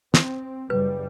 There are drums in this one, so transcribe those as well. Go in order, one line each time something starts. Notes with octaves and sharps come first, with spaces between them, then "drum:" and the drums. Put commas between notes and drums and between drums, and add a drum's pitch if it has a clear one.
C4, drum: snare
F#1 G3 B4